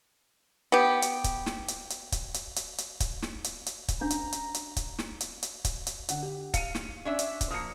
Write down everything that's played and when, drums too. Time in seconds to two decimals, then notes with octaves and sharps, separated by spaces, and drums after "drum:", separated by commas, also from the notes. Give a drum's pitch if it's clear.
0.72 B3 G4
1.02 drum: hi-hat
1.24 drum: kick, hi-hat
1.46 drum: snare
1.68 drum: hi-hat
1.90 drum: hi-hat
2.12 drum: kick, hi-hat
2.34 drum: hi-hat
2.56 drum: hi-hat
2.78 drum: hi-hat
3.00 drum: kick, hi-hat
3.22 drum: snare
3.44 drum: hi-hat
3.66 drum: hi-hat
3.88 drum: kick, hi-hat
4.01 C#4 D4 A#5
4.10 drum: hi-hat
4.32 drum: hi-hat
4.54 drum: hi-hat
4.76 drum: kick, hi-hat
4.99 drum: snare
5.21 drum: hi-hat
5.43 drum: hi-hat
5.65 drum: kick, hi-hat
5.87 drum: hi-hat
6.09 D3 F#5, drum: hi-hat
6.22 G4
6.54 F5 C#7 D#7, drum: kick, hi-hat
6.75 drum: snare
7.05 C#4 D4 E5
7.19 drum: hi-hat
7.41 drum: kick, hi-hat
7.51 F3 A#3 D#6 C#7